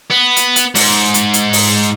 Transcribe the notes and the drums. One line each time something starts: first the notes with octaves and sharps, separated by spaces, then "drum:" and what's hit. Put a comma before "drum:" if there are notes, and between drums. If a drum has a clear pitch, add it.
B3
drum: hi-hat
drum: hi-hat
G#2, drum: open hi-hat
drum: hi-hat
drum: hi-hat
drum: open hi-hat